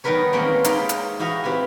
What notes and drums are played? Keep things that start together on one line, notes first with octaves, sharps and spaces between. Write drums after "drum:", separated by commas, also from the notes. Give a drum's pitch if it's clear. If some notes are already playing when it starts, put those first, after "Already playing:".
D#3 G3 B3 A#4 B4 C#5
G#3 A#3 C4 C#4 F#5 G5
D#4 C#5 D5 F5 B5 C6, drum: hi-hat
drum: hi-hat
E4 F#4 G4 D#5 F5 F#5
C4 G4 B4 G#5